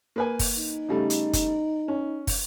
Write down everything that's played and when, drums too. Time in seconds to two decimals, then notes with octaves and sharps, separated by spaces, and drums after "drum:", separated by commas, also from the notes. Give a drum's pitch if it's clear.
0.16 A#3 B4 G#5
0.39 drum: kick, open hi-hat
0.58 D#4
0.89 C#3 G3 A3
1.10 drum: hi-hat
1.33 drum: kick, hi-hat
1.88 C#4
2.27 drum: kick, open hi-hat